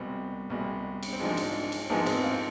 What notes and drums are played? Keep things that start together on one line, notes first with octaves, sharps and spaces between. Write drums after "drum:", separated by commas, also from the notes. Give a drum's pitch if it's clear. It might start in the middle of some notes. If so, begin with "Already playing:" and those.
Already playing: C2 B2 G#3 C4
C2 B2 G#3
drum: cymbal
C4
G#1 G#2 F3 G#3 D4
drum: cymbal
drum: cymbal
G#1 G#2 F3 G#3 B3
C4, drum: cymbal
F4